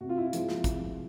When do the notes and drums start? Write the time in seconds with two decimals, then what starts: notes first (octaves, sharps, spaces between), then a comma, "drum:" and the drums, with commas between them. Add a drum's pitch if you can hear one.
0.01 C3 F#4
0.09 F4
0.18 E4
0.26 F4
0.33 F3 G#3, drum: hi-hat
0.49 drum: snare
0.64 C3, drum: kick, hi-hat